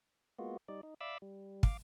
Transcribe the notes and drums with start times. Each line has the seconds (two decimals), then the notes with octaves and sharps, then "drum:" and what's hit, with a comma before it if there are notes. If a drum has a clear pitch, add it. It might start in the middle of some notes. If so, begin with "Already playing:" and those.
0.39 G#3 A#3 B3 F4 F#4
0.68 G3 D#4 D5
0.83 D#4
1.01 D5 E5 F5 B5 D6 E6
1.22 G3
1.63 F5 D6, drum: kick